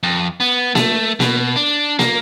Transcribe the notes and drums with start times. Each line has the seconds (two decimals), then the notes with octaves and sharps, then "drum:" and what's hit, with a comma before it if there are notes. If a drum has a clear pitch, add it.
0.03 F2
0.40 B3
0.75 A3, drum: snare A#3
1.20 B2, drum: snare A#3
1.56 D4
1.99 A#3, drum: snare A#3